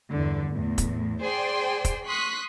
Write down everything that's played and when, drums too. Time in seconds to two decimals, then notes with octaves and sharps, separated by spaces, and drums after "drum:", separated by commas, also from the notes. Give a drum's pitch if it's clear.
0.11 E2 G2 D3
0.51 E2 A2
0.78 drum: kick, hi-hat
1.22 G#4 C5 D5 G5 C6
1.85 drum: kick, hi-hat
2.06 C6 C#6 D#6 F#6 B6